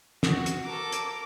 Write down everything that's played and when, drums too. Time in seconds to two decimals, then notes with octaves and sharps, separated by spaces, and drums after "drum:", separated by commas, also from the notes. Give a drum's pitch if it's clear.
0.23 F#4, drum: snare
0.46 drum: hi-hat
0.65 A4 A#4 D6
0.92 drum: hi-hat